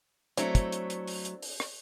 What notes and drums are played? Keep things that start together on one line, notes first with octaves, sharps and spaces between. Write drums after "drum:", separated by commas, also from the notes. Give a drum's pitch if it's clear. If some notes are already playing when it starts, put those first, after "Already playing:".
F#3 A3 C4 D4 E4, drum: hi-hat
drum: kick, hi-hat
drum: hi-hat
drum: hi-hat
drum: open hi-hat
drum: hi-hat
drum: open hi-hat
drum: rim click